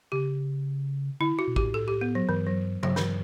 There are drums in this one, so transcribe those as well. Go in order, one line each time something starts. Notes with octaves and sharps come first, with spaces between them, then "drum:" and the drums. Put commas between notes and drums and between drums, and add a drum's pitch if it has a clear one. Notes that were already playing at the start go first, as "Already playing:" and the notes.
C#3 G4
D3 E4
F#4
B2
A2 G4, drum: kick
A4
G4
B3
F#3
G2 E3
F#3
G2 F#3, drum: tom C#3
E3, drum: snare